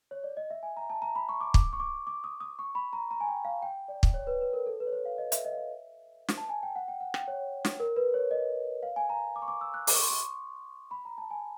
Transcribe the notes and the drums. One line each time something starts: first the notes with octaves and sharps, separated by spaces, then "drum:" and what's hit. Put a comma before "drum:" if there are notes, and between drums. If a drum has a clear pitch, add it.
C#5
D5
D#5
E5
G#5
A#5
A5
A#5
B5
C#6
D6
D6, drum: kick
C#6
D6
D6
D#6
D#6
C#6
B5
A#5
A#5
G#5
G5
F5
G5
D5
drum: kick
C#5
B4
B4
A#4
A4
B4
C#5
C5
F5
D#5
E5, drum: hi-hat
D#5
F5
E5
drum: snare
A5
G#5
G5
F#5
G5
F#5
G5, drum: rim click
C#5
drum: snare
A#4
B4
C#5
D#5
F5
G#5
A#5
D6
C#6
D6
E6
F#6
D6, drum: open hi-hat
C#6
C6
C#6
B5
A#5
A5
G#5